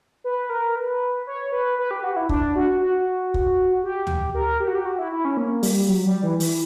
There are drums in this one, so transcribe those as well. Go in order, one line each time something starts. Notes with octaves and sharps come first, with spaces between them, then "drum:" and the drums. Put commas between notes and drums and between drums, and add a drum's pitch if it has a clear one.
B4
A#4
B4
C#5
B4
B4
G4
F#4
E4
D4, drum: kick
F#4
F#4
drum: kick
G4
drum: tom D2
A#4
G4
F#4
G4
F#4
E4
E4
C#4
A#3
G3, drum: open hi-hat
F#3
G3
E3
E3, drum: open hi-hat